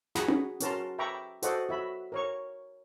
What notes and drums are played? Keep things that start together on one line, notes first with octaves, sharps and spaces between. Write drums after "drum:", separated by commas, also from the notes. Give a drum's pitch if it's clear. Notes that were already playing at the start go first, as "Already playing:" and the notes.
F#4 G#4 F#5 A#5 B5 D#6, drum: snare
drum: tom C#4
C#4 F#4 A#4 A5 A#5 C6, drum: hi-hat
E5 G5 A#5 B5 C#6 D6
F#4 A4 C5 D5 D#5 F#5, drum: hi-hat
F#4 E5 B5
A#4 C#5 C#6